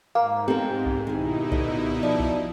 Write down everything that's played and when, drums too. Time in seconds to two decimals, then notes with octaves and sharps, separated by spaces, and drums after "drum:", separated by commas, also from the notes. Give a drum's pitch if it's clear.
0.15 G#2 A#3 F5
0.48 C4 G4 A4 A#4
0.86 drum: kick B1
1.07 B2 D#3 D#4 E4 G#4
1.52 A#2 D3 D#5, drum: kick B1
2.03 F3 D5
2.20 drum: kick B1